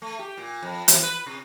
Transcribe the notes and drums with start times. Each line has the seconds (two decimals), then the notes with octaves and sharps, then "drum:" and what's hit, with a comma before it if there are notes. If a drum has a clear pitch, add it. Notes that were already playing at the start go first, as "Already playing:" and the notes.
0.02 A3
0.19 G4
0.38 A#2
0.63 F2
0.88 E3, drum: hi-hat
1.03 B4
1.26 C3